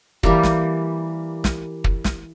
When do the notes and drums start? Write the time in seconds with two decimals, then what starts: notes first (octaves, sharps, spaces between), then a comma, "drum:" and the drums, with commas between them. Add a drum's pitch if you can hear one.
0.23 E3 G3 A#3 G4, drum: kick
0.43 drum: snare
1.44 drum: snare
1.84 drum: kick
2.04 drum: snare